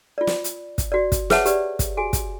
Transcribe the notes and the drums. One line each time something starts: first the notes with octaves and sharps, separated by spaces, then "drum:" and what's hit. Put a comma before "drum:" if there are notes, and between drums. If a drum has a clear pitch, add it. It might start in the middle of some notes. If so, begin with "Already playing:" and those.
F4 D5
drum: snare
drum: hi-hat
drum: kick, hi-hat
F#4 D5
drum: kick, hi-hat
G#4 B4 C#5 E5 F#5 A5, drum: snare
G4 B4 D5, drum: hi-hat
drum: kick, hi-hat
F#4 G#4 G#5
drum: kick, hi-hat